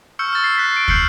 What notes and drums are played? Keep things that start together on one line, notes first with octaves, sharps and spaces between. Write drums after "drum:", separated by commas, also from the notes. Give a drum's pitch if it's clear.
C#6 E6 F6 G6 C#7
E6 A6
C7
F#6 B6 C7
C7 D7
F6 G6 C7 C#7 F#7 G7, drum: kick